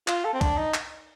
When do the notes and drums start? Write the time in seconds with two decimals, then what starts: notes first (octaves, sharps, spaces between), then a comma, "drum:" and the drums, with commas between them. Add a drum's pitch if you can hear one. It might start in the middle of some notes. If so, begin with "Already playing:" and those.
0.08 F4, drum: clap
0.25 A4
0.34 C4
0.41 D4, drum: kick, cymbal
0.58 D#4
0.74 drum: clap